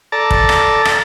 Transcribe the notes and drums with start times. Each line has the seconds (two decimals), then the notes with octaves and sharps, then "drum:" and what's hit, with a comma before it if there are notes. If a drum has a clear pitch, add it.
0.12 A4 D5 A5 A#5
0.31 drum: kick
0.49 drum: rim click
0.85 drum: rim click